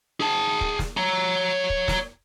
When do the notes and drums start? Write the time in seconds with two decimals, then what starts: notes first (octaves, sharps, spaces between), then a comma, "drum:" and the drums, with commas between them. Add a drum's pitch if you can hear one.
0.20 G#4 A5
0.61 drum: kick
0.79 drum: snare
0.97 C#5 A#5
1.70 drum: kick
1.88 drum: snare